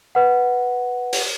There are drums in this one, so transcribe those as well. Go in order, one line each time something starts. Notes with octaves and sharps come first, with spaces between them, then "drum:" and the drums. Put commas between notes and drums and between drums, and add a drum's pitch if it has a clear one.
B4 F#5
drum: open hi-hat